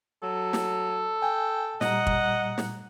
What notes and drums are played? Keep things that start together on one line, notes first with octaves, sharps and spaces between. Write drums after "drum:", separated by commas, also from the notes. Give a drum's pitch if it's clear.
F#3 A4
drum: snare
G5 G#5
A#2 G3 D#5 F#5 A#5, drum: snare
drum: kick
drum: snare